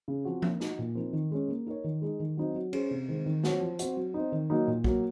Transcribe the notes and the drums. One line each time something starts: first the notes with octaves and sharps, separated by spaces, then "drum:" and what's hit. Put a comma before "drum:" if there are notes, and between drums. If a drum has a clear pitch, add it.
C#3
F3 C4 F#4
A#3, drum: tom F3
D#4 F#4, drum: snare
A#2
F3 C4 D#4 A#4
D#3
G#3 C#4
A#3
D#4 A#4 C#5
D#3
G#3 D#4
D#3
F#3 C4 D#4
F#3
C#4 G#4 C5, drum: cymbal
C3
D#3 G#3 C4
D#3
F#3 C4 F#4 C#5, drum: snare
F3
C4 F#4, drum: hi-hat
F#3
C4 D#4
D#3
F#3 A#3 D#4
A#2
F#3 A#3, drum: kick